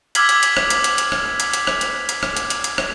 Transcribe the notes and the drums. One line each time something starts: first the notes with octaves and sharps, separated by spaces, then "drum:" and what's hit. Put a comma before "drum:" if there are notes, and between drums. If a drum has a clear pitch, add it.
D6 E6 F6 G#6 B6 F#7, drum: hi-hat
drum: hi-hat
drum: hi-hat
drum: rim click
drum: hi-hat
drum: hi-hat
drum: hi-hat
drum: rim click
drum: hi-hat
drum: hi-hat
drum: rim click
drum: hi-hat
drum: hi-hat
drum: rim click
drum: hi-hat
drum: hi-hat
drum: hi-hat
drum: rim click